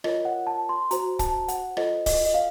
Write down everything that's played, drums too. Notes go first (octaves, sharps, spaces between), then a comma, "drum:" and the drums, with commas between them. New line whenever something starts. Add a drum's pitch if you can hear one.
F4 A#4 C#5 D#5, drum: rim click
F#5
A5
C6
F#4 C5 A#5, drum: hi-hat
A5, drum: kick, hi-hat
F#5, drum: hi-hat
F4 A4 C5 D#5, drum: rim click
D#5, drum: kick, open hi-hat
D#5
F5